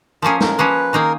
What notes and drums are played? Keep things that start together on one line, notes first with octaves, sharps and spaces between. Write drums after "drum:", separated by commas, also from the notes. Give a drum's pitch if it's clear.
F3 A#3 C#4 G#4 A#4
A#4, drum: snare
F3 A#3 C#4 G#4 B4
D#3 A#3 D#4 G#4 A#4